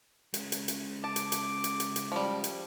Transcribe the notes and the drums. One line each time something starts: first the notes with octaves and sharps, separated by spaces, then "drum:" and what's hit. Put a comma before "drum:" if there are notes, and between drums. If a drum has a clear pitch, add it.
G#3 C#4, drum: hi-hat
drum: hi-hat
drum: hi-hat
A5 D6
drum: hi-hat
drum: hi-hat
drum: hi-hat
drum: hi-hat
drum: hi-hat
F3 G3
drum: hi-hat